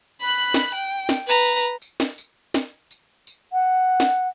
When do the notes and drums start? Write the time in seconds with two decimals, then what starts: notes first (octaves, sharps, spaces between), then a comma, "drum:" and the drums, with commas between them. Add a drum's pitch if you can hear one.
0.21 B5 F#6
0.54 drum: snare
0.74 G5, drum: tambourine
1.09 drum: snare
1.27 B4 A#5
1.45 drum: tambourine
1.82 drum: tambourine
2.00 drum: snare
2.18 drum: tambourine
2.54 drum: snare
2.91 drum: tambourine
3.27 drum: tambourine
3.52 F#5
4.00 drum: snare